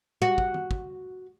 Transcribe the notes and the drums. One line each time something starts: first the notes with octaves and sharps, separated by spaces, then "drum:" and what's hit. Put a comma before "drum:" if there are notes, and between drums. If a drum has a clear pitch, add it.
F#4
drum: kick
drum: tom D#3
drum: kick